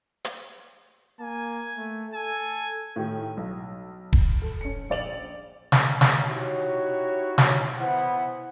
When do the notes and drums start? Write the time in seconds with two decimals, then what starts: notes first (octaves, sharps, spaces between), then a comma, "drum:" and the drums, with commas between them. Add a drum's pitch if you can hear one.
0.25 drum: hi-hat
1.21 A#3 G#5
1.77 A3
2.14 A4 G#5
2.96 A2 D#3 A3 G4
3.37 B1
4.13 drum: kick D#1
4.42 A4
4.61 C#4 C#7
4.90 A#1 D5 F7 F#7
5.72 drum: snare
6.01 drum: snare
6.23 D#4 E4 F#4 G4 C#5
7.38 drum: snare
7.78 E3 B3 E4 C5 F#5